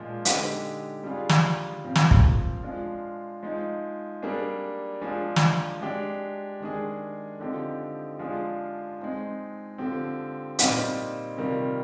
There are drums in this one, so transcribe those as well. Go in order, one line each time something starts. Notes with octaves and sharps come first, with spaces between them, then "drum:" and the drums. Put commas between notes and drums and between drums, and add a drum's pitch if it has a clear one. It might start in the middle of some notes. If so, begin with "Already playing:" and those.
Already playing: A#2 F3 G#3 D4 F4
D3 G#3 D#4 G4, drum: hi-hat
G3 D4 F4 G#4
drum: snare
A#2 F3 C4 F4
drum: snare
drum: kick
F3 G#3 D4 F4
F3 G#3 D#4
G3 A#3 D4 G#4
F3 G#3 D4 G#4
drum: snare
G#3 D4 G4
D#3 G#3 D4 G#4
D3 F3 C4 D#4 G4
F3 G#3 D4 F4 G#4
G#3 C4 D#4
D3 F3 C4 G4
A#2 G3 C4 D#4, drum: hi-hat
C3 D#3 G3 A#3 F4